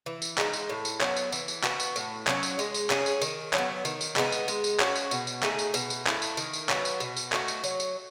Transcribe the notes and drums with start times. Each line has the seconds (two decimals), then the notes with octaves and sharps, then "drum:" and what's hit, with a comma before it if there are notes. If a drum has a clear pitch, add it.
0.06 E3
0.22 drum: tambourine
0.38 G#3 D#4, drum: clap
0.53 drum: tambourine
0.69 A2
0.85 drum: tambourine
1.01 F#3 B3, drum: clap
1.16 drum: tambourine
1.32 E3, drum: tambourine
1.48 drum: tambourine
1.64 B3 F#4, drum: clap
1.80 drum: tambourine
1.96 A2, drum: tambourine
2.27 F#3 C#4, drum: clap
2.43 drum: tambourine
2.59 G#3, drum: tambourine
2.74 drum: tambourine
2.90 C#4 G#4, drum: clap
3.06 drum: tambourine
3.22 D#3, drum: tambourine
3.53 F#3, drum: clap
3.58 B3
3.85 D#3, drum: tambourine
4.01 drum: tambourine
4.16 G#3 B3 D#4, drum: clap
4.32 drum: tambourine
4.48 G#3, drum: tambourine
4.64 drum: tambourine
4.80 C#4 F#4, drum: clap
4.95 drum: tambourine
5.11 B2, drum: tambourine
5.27 drum: tambourine
5.43 A3 D#4 G#4, drum: clap
5.59 drum: tambourine
5.74 B2, drum: tambourine
5.90 drum: tambourine
6.07 A3 E4, drum: clap
6.22 drum: tambourine
6.37 D#3, drum: tambourine
6.53 drum: tambourine
6.69 F#3 B3, drum: clap
6.85 drum: tambourine
7.00 B2, drum: tambourine
7.17 drum: tambourine
7.32 A3 D#4 F#4, drum: clap
7.48 drum: tambourine
7.64 F#3, drum: tambourine
7.80 drum: tambourine